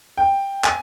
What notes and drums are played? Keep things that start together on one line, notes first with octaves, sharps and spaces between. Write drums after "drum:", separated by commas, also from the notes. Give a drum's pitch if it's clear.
G5
G#5, drum: clap